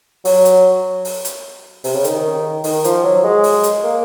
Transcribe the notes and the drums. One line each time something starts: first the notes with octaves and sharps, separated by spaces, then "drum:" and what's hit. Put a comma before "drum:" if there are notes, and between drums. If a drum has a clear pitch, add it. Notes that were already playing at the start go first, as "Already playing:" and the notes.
F#3, drum: open hi-hat
drum: hi-hat
drum: open hi-hat
drum: hi-hat
C3, drum: open hi-hat
C#3
D#3, drum: hi-hat
D#3, drum: open hi-hat
F3, drum: hi-hat
F#3
G#3
drum: open hi-hat
drum: hi-hat
A#3